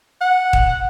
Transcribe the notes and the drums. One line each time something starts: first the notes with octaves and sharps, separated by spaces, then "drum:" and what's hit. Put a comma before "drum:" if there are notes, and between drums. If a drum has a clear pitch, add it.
F#5
drum: kick D#1